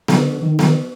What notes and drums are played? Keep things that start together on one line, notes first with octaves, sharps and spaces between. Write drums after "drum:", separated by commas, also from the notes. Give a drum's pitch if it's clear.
D3, drum: snare B3
D#3
drum: snare B3